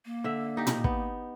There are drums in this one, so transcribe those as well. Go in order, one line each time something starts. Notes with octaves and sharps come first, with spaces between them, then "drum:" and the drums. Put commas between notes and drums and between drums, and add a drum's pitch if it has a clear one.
A#3
D3 E5
D#4 G4
drum: tom
B3, drum: kick